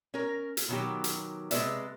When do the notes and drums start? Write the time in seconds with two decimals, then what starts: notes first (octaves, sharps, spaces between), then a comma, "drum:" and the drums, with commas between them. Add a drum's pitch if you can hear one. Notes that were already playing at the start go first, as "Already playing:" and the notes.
0.14 C#4 A#4
0.57 drum: hi-hat
0.68 B2 D#3 F3 F#3 G4
1.04 drum: hi-hat
1.51 C3 G#3 F#4 B4 D5 E5, drum: hi-hat